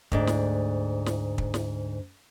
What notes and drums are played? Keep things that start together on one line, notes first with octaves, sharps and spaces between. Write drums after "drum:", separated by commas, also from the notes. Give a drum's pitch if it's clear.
D2 G#2 D4, drum: kick
drum: snare
drum: snare
drum: kick
drum: snare